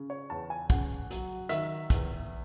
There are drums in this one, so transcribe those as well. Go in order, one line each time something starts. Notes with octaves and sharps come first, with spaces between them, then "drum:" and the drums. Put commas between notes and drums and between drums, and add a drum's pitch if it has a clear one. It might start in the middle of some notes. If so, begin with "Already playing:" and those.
Already playing: C#3
C#5
E2 A5
G#5
C#3 F#5, drum: kick, hi-hat
F#3, drum: hi-hat
D#3 E5, drum: hi-hat
E2, drum: kick, hi-hat